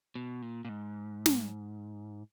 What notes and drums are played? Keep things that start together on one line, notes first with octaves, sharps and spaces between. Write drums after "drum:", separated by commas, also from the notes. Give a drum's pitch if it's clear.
B2
A#2
A#2
G#2
drum: snare